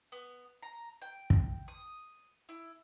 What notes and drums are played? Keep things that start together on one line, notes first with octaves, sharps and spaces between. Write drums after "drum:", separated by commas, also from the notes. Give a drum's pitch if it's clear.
B3
A#5
G5
drum: kick
D#6
E4